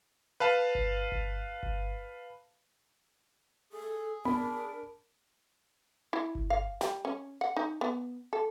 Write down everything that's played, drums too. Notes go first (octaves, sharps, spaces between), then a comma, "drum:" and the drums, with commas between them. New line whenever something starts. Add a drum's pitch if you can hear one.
B4 F5 A5
drum: kick G1
drum: kick G1
drum: kick G1
G#4 A4
D4 A#4 B5, drum: tom B3
E4
drum: kick G1
F5
G3, drum: snare
C#4
F#5
D#4
B3
A4